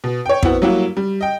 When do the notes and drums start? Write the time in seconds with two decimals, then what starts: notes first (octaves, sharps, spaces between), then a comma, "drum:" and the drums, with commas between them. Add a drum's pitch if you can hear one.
0.04 B2
0.26 C#5 G5
0.43 B3 C4 E4 F#4, drum: kick
0.62 F#3 G3 A#3 E4 F#4
0.97 G3
1.21 D#5 G5